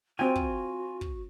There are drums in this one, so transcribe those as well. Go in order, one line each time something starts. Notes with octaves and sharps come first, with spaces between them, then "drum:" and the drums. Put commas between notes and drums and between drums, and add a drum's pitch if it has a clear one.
C4 F4 F#4 G5 G#5
drum: kick
drum: kick